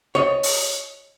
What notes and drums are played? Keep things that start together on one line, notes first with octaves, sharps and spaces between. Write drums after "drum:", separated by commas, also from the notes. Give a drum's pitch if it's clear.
C#5 D#5
drum: open hi-hat